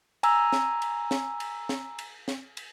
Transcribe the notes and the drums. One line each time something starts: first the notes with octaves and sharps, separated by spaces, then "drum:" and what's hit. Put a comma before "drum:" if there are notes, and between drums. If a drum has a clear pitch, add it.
G#5 A#5 E6, drum: cymbal
drum: snare
drum: cymbal
drum: snare
drum: cymbal
drum: snare
drum: cymbal
drum: snare
drum: cymbal